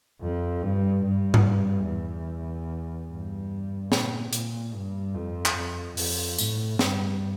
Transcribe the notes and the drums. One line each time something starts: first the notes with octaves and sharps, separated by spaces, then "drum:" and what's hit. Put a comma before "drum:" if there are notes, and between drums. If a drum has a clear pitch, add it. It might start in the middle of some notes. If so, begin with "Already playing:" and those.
F2
G2
G2
drum: tom G#2
E2
G2
A#2, drum: snare
A#2, drum: hi-hat
G2
F2
drum: clap
F2
F2, drum: open hi-hat
A2, drum: tambourine
G2, drum: snare